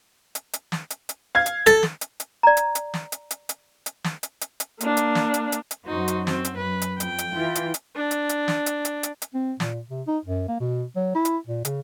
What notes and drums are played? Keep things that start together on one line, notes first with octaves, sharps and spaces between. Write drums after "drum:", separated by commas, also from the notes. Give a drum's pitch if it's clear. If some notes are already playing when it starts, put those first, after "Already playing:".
drum: hi-hat
drum: hi-hat
drum: snare
drum: hi-hat
drum: hi-hat
F5 G#6
drum: hi-hat
A4 A6, drum: hi-hat
drum: snare
drum: hi-hat
drum: hi-hat
D5 A#5
drum: hi-hat
drum: hi-hat
drum: snare
drum: hi-hat
drum: hi-hat
drum: hi-hat
drum: hi-hat
drum: snare
drum: hi-hat
drum: hi-hat
drum: hi-hat
A#3 D4, drum: hi-hat
drum: hi-hat
drum: snare
drum: hi-hat
drum: hi-hat
drum: hi-hat
F#2 D#4 F#4 C5
drum: hi-hat
C4, drum: snare
drum: hi-hat
F#2 B4
drum: hi-hat
F2 G5, drum: hi-hat
drum: hi-hat
E3 E4 F4
drum: hi-hat
drum: hi-hat
D4
drum: hi-hat
drum: hi-hat
drum: snare
drum: hi-hat
drum: hi-hat
drum: hi-hat
drum: hi-hat
C4
A#2, drum: snare
C3
D#4
F#2
A#3
B2
F#3
E4
drum: hi-hat
A#2
C#3, drum: hi-hat